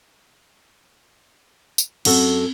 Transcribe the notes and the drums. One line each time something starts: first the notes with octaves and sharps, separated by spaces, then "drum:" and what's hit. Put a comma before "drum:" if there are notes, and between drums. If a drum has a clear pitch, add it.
drum: tambourine
F#2 C4 F#4 A4, drum: cymbal